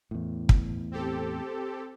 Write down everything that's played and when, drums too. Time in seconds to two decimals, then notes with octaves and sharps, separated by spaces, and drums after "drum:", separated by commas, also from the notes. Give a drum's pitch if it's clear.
0.11 E2 A2
0.49 drum: kick
0.92 C4 G4 A4